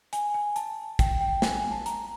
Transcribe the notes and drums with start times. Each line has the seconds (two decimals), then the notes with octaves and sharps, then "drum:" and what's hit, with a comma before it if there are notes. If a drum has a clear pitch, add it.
0.13 G#5, drum: hi-hat
0.34 G#5
0.56 A5, drum: hi-hat
0.99 G5, drum: kick, hi-hat
1.21 G5
1.42 G#5, drum: snare
1.57 G#5
1.71 A5
1.86 A#5, drum: hi-hat